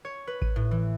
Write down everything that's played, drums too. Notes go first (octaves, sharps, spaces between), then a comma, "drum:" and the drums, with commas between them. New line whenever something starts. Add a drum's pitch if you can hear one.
C#5
B4
D#7, drum: kick A1
A2
E3